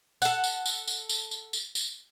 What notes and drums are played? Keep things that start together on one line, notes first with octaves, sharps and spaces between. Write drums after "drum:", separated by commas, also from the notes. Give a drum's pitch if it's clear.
A4 F#5, drum: tambourine
drum: tambourine
drum: tambourine
drum: tambourine
drum: tambourine
drum: tambourine
drum: tambourine
drum: tambourine